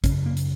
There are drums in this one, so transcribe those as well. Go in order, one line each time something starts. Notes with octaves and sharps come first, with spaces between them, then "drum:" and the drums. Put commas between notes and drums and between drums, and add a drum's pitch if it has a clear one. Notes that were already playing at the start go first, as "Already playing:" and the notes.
F#2 C#3 C#4, drum: kick, hi-hat
A#3
drum: hi-hat